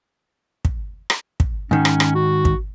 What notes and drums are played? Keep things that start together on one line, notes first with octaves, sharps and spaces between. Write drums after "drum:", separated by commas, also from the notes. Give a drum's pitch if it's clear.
drum: kick
drum: rim click
drum: kick
G#2 D#3 C#4
drum: rim click
drum: rim click
F#4
drum: kick